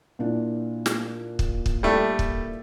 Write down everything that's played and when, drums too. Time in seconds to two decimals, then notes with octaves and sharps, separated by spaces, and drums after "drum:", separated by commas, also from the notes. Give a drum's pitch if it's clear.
0.19 A#2 D4 E4
0.86 drum: snare
1.39 drum: kick
1.66 drum: kick
1.83 G3 A3
2.19 drum: kick